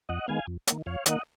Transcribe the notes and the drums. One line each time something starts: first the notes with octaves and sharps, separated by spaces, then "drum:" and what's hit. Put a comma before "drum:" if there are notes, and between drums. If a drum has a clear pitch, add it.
F2 D#5 F#5
D#3 G#3 B3 F5 G#5
F2
D#3 A#3, drum: hi-hat
F2 C#5 F5
D#3 A#3 D#5 F#5, drum: hi-hat